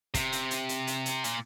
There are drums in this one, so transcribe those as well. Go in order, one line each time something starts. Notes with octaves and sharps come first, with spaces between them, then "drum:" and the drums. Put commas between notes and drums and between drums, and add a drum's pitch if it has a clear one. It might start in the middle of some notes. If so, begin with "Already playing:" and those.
C3, drum: kick, hi-hat
drum: hi-hat
drum: hi-hat
drum: hi-hat
drum: hi-hat
drum: hi-hat
A#2, drum: hi-hat